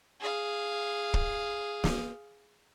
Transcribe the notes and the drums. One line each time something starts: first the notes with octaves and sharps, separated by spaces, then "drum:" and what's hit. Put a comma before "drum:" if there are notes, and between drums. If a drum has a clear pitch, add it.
G#4 F5
drum: kick
drum: snare